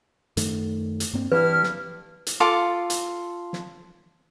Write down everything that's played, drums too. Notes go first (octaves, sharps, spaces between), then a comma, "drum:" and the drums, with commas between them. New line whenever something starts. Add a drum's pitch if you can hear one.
F#2 D#3 A3, drum: hi-hat
drum: hi-hat
G2 A#3 C4
G2 E3 E4 B4 F6
drum: snare
drum: hi-hat
F4 A4 D6
drum: hi-hat
drum: snare